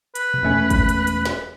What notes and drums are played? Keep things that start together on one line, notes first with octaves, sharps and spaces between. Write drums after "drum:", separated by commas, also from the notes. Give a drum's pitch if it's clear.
B4, drum: hi-hat
drum: tom A#2
E1 A3 C#4
drum: kick, hi-hat
drum: hi-hat
drum: hi-hat
drum: snare